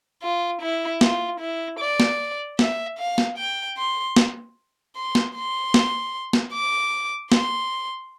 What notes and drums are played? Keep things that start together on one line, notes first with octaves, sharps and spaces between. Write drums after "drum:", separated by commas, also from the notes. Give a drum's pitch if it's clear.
F4
E4
F4, drum: snare
E4
D5
drum: snare
E5, drum: snare
F5
drum: snare
G5
C6
drum: snare
C6
drum: snare
C6
drum: snare
drum: snare
D6
C6, drum: snare